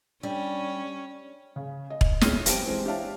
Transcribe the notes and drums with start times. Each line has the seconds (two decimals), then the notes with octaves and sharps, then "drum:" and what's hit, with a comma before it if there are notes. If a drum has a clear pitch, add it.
0.23 G3 C#4 D4
1.56 C#3
1.90 D#5
2.01 drum: kick E1
2.21 A2 C#4 G#4 F6 D#7, drum: snare
2.46 F#2 C4 G4 A5 D7, drum: hi-hat
2.66 E3 G#3 C4
2.85 D4 G4 C#5 E5 F5 A5